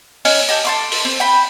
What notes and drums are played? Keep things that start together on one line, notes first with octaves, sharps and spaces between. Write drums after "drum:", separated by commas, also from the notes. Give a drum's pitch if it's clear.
C#4 D#4 G#5, drum: open hi-hat
G4 A4 D#5
A4 C6 D6
drum: open hi-hat
C4
G5 B5